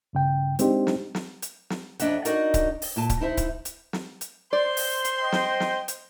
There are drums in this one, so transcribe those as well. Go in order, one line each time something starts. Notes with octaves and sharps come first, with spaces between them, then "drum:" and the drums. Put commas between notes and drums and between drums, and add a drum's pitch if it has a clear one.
G2 C#3 G5
G#3 C4 D4 D#4 G4 C5, drum: hi-hat
drum: snare
drum: snare
drum: hi-hat
drum: snare
F2 D#3 D4 D#5 E5 F#5, drum: hi-hat
D4 D#4 F#4 A#4 D5 D#5, drum: hi-hat
drum: kick C#1, hi-hat
drum: open hi-hat
A#2 F4 A5
drum: kick C#1, hi-hat
D#4 E4 C5 E5
drum: kick C#1, hi-hat
drum: hi-hat
drum: snare
drum: hi-hat
C5 D5 C6
drum: open hi-hat
drum: hi-hat
D#5 G5
drum: snare
drum: snare
drum: hi-hat